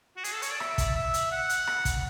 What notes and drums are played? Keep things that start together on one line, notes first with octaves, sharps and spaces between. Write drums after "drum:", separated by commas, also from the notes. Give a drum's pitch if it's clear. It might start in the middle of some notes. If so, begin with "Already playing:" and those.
F#4
G#4, drum: hi-hat
A4
C#5, drum: hi-hat
D5
E5, drum: rim click
drum: kick, hi-hat
E5
drum: hi-hat
F#5
drum: hi-hat
drum: rim click
drum: kick, hi-hat